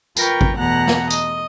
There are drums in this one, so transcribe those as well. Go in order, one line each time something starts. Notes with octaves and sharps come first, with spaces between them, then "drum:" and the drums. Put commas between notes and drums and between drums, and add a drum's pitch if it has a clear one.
F4 A#4 B4 G5 A#5 C#6, drum: tambourine
drum: kick G#1
E2 B2 A3 F#5 A#5 F#6
drum: snare
D#5, drum: tambourine